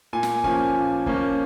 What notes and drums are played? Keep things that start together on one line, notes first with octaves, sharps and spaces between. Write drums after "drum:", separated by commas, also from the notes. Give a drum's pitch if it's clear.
A#2 G#5
drum: snare
F3 A#3 C#4 G#5, drum: kick
A#2
F3 A#3 C#4, drum: kick